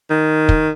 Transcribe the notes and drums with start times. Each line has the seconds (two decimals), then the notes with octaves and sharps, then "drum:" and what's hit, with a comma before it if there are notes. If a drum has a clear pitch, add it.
0.10 D#3
0.49 drum: kick